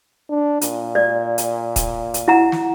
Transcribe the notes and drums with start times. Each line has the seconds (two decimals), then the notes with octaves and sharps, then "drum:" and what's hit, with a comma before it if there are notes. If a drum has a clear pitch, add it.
0.30 D4
0.61 A#2, drum: hi-hat
0.95 D5
1.38 drum: hi-hat
1.76 drum: kick, hi-hat
2.14 drum: hi-hat
2.28 E4 F#5 A#5
2.52 drum: snare